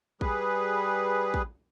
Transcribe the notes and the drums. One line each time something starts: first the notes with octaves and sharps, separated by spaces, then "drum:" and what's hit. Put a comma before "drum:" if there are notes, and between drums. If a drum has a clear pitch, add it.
G3 G#4 B4, drum: kick
drum: kick